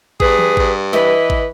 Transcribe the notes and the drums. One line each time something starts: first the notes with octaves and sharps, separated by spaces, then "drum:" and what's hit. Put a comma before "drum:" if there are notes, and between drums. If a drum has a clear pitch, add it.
G2 G#4 B4, drum: kick G#1
drum: tom E3
G2, drum: kick G#1
E3 B4 D#5, drum: snare
drum: kick G#1